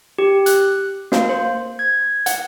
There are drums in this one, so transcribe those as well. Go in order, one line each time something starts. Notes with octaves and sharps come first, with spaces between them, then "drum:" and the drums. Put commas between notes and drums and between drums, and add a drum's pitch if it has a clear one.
G4
F#6, drum: hi-hat
A#3, drum: snare
C5
G#6
F#5, drum: hi-hat